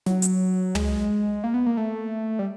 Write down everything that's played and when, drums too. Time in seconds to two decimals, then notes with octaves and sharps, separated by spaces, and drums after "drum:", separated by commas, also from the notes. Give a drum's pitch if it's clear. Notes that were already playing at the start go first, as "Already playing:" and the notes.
0.06 F#3, drum: snare
0.22 drum: hi-hat
0.75 G#3, drum: tom
1.44 A#3
1.54 B3
1.66 A#3
1.77 A3
2.39 G3